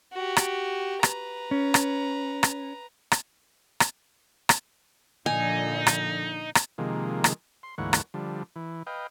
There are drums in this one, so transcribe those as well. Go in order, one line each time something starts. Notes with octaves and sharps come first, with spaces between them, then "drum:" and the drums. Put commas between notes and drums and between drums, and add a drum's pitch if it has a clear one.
F#4 G4
drum: rim click
B4 A#5, drum: rim click
C#4
drum: rim click
drum: rim click
drum: rim click
drum: rim click
drum: rim click
A#2 D3 F3 D#4 G#5
drum: rim click
drum: rim click
C3 D#3 F3 G#3 A#3
drum: rim click
C6
D2 G#2 E3 A#3 C#5 F#5
drum: rim click
D3 F3 G3
E3
B4 D#5 F5 G5